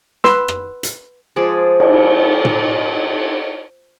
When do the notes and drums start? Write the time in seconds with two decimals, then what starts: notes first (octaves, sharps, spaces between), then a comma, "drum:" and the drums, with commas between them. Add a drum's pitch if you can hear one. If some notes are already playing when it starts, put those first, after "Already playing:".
0.24 B4 C6 E6, drum: snare
0.48 drum: rim click
0.83 drum: hi-hat
1.36 F3 G#3 G#4 D5
1.80 drum: cymbal
2.45 drum: tom